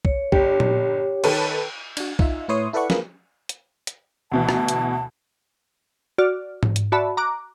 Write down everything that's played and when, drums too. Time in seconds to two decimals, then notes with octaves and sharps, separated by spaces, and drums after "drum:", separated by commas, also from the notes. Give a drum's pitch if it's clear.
0.05 C#5, drum: kick C2
0.32 G1 G4 C#5, drum: kick C2
0.60 drum: tom A#2
1.24 D#3 A4 B4, drum: cymbal
1.97 D4 F#4, drum: cymbal
2.19 D#4 F4 E5, drum: kick C2
2.48 A2 E4 B4 C#5 C6 D#6
2.73 E4 A4 B4 D5 F#5 C#6
2.90 F3 A#3 G#4 B4, drum: snare
3.49 drum: hi-hat
3.87 drum: hi-hat
4.31 D2 B2 E3 A5
4.49 drum: rim click
4.68 drum: hi-hat
6.18 F#4 D5 F6
6.63 drum: tom G#2
6.76 drum: hi-hat
6.92 F#4 D5 E5 A5 B5
7.17 A#5 D6 F#6